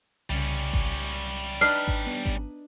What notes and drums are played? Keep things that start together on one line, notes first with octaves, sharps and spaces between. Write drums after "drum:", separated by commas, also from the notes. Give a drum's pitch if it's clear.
C2 C#3 G3 C#4
drum: kick G#1
D4 D#4 B4 F6 C7
drum: kick G#1
B3
drum: kick G#1